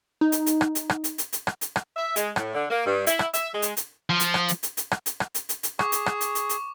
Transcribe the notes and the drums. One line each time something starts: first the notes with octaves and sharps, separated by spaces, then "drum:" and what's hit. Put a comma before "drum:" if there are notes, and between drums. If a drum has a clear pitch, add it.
D#4
drum: hi-hat
drum: hi-hat
drum: rim click
drum: hi-hat
drum: rim click
drum: hi-hat
drum: hi-hat
drum: hi-hat
drum: rim click
drum: hi-hat
drum: rim click
E5
G#3, drum: hi-hat
A2, drum: rim click
D3
A#3
G2
E4, drum: hi-hat
drum: rim click
E5, drum: hi-hat
G#3
drum: hi-hat
drum: hi-hat
F3
drum: hi-hat
drum: rim click
drum: hi-hat
drum: hi-hat
drum: hi-hat
drum: rim click
drum: hi-hat
drum: rim click
drum: hi-hat
drum: hi-hat
drum: hi-hat
G#4 C#6 D6, drum: rim click
drum: hi-hat
drum: rim click
drum: hi-hat
drum: hi-hat
drum: hi-hat